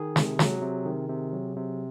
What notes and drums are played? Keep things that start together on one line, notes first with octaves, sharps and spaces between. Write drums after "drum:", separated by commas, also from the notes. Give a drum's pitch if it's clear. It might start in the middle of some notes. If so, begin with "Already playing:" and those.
Already playing: D#3 G#4
C3, drum: snare
F#3, drum: snare
C3
D#3
C3
F#3
C3